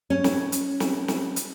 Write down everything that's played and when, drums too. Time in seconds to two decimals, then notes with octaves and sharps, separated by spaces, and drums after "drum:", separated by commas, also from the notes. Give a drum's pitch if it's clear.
0.10 C#4
0.24 drum: snare
0.52 drum: hi-hat
0.80 drum: snare
1.08 drum: snare
1.36 drum: hi-hat